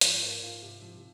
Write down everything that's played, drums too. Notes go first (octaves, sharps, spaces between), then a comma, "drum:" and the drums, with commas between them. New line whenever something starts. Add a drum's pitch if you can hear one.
G#2 F3, drum: hi-hat
A#3
G#2 F4
C3
G#2 F3
C3